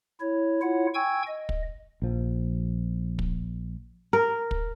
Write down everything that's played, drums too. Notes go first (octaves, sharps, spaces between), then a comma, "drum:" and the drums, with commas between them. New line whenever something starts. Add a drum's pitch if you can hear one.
E4 C#5
E4 F4 C#5 F#5
G5 G#5 C#6 E6 G#6
D#5
drum: kick
A#1 F3
drum: kick
A#4
drum: kick